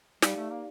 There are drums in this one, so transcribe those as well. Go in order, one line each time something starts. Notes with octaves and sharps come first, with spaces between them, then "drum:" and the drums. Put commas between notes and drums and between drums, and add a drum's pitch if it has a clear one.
G3 D#4 G4 D5 F5, drum: snare
A3
A#3